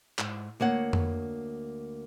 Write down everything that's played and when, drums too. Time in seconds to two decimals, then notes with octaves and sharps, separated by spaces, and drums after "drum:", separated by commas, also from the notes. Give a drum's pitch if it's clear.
0.19 G#2, drum: clap
0.60 D2 A#3 C#5 F#5
0.93 drum: tom F2